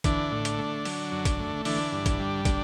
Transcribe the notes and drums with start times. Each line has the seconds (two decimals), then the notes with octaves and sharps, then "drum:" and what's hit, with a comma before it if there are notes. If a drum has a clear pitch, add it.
0.04 D3 E3 D4, drum: kick, hi-hat
0.32 A2
0.45 drum: hi-hat
0.59 A3
0.85 F#3, drum: open hi-hat
1.12 F#2
1.25 drum: kick, hi-hat
1.39 A3
1.65 D3 E3 D4, drum: open hi-hat
1.92 G2
2.06 drum: kick, hi-hat
2.20 G3
2.45 D3, drum: kick, hi-hat